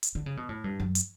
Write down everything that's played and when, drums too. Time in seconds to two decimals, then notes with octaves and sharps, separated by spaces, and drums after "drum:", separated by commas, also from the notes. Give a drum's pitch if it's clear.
0.03 drum: hi-hat
0.15 D3
0.26 C#3
0.37 B2
0.49 A2
0.64 G2
0.80 F#2
0.95 drum: hi-hat